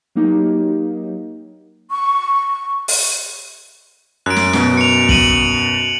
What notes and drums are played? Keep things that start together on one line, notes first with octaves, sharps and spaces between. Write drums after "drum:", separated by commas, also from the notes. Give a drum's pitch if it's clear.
F#3 A#3 D#4 G4
C#6
drum: open hi-hat
F#2 F#6 D7
drum: snare
F#2 B2, drum: snare
C#7 F7
C#7 D#7 F#7, drum: kick